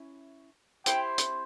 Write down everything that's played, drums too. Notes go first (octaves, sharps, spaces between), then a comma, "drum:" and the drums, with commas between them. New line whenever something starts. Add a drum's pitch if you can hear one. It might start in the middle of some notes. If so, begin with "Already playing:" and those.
Already playing: C#4 E4
C4 E4 G4 C5 G5, drum: hi-hat
drum: hi-hat